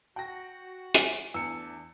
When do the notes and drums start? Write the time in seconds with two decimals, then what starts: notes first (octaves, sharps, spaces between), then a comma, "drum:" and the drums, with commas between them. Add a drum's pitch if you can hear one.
0.16 F#4 G5 A#6
0.94 G#5 D7, drum: hi-hat
1.34 E2 A3 D4 E6 C#7